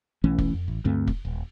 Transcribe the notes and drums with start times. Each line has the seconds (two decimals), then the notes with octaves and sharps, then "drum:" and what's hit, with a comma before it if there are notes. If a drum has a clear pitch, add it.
0.24 B1 E3 A3 C#4
0.38 drum: kick
0.54 F2
0.68 A1
0.85 D2 G2 A3 C4
1.07 drum: kick
1.25 D#1